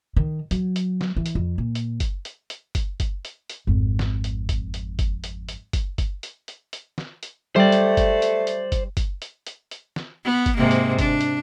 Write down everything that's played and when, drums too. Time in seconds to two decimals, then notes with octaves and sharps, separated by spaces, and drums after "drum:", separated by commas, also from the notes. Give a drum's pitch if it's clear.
0.16 D#3
0.51 F#3, drum: hi-hat
0.76 drum: hi-hat
1.01 drum: snare
1.17 E3
1.26 drum: hi-hat
1.35 F2
1.58 A#2
1.75 drum: hi-hat
2.00 drum: kick F#1, hi-hat
2.25 drum: hi-hat
2.50 drum: hi-hat
2.75 drum: kick F#1, hi-hat
3.00 drum: kick F#1, hi-hat
3.25 drum: hi-hat
3.50 drum: hi-hat
3.67 G#1 F2
3.99 drum: snare
4.24 drum: hi-hat
4.49 drum: kick F#1, hi-hat
4.74 drum: hi-hat
4.99 drum: kick F#1, hi-hat
5.24 drum: hi-hat
5.49 drum: hi-hat
5.73 drum: kick F#1, hi-hat
5.98 drum: kick F#1, hi-hat
6.23 drum: hi-hat
6.48 drum: hi-hat
6.73 drum: hi-hat
6.98 drum: snare
7.23 drum: hi-hat
7.56 G3 A3 C5 D5 G5
7.72 drum: hi-hat
7.97 drum: kick F#1, hi-hat
8.22 drum: hi-hat
8.47 drum: hi-hat
8.72 drum: kick F#1, hi-hat
8.97 drum: kick F#1, hi-hat
9.22 drum: hi-hat
9.47 drum: hi-hat
9.71 drum: hi-hat
9.96 drum: snare
10.25 B3
10.46 drum: kick F#1, hi-hat
10.57 G#2 C3 A#3
10.71 drum: hi-hat
10.99 D4, drum: kick F#1, hi-hat
11.21 drum: hi-hat